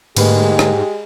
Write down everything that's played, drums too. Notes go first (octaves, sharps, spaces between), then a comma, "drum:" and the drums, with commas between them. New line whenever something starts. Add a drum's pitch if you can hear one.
D2 G#2 G#3 A#3 G4 B4, drum: cymbal
drum: rim click